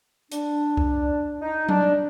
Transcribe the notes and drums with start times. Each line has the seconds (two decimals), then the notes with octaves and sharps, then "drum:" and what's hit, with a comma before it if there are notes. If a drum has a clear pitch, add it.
0.32 D4, drum: hi-hat
0.77 drum: kick C2
1.42 D#4
1.69 D4, drum: tom F#3